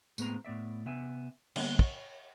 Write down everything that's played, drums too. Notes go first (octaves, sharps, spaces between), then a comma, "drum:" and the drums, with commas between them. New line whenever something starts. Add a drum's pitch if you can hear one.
A2 G#3 B3 C4 A#5, drum: tambourine
A2 B3 D5 E5
C3 B3 E5 G#5
D3 G3 A#3 B3 D4, drum: cymbal
C#5, drum: kick